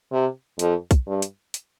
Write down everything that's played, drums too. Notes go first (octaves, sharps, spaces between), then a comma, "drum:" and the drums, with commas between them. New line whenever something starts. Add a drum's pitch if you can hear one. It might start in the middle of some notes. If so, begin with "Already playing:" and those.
C3
F2, drum: hi-hat
drum: kick, hi-hat
G2
drum: hi-hat
drum: hi-hat